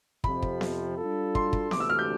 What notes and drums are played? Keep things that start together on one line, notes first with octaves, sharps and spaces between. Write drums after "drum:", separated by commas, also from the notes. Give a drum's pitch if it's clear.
F2 C3 F3 B5, drum: kick
drum: kick
drum: snare B3
G3 D4 F4 A4
C6, drum: kick
drum: kick
D2 C3 E3 A3 D6, drum: snare B3
E6
F6
G6